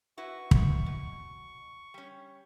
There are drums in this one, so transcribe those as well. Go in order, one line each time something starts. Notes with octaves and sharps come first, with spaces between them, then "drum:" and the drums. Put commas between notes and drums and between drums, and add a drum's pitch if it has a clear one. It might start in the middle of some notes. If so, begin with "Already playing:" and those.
E4 F#4 B4 C#6
drum: kick
B2
G3 C#4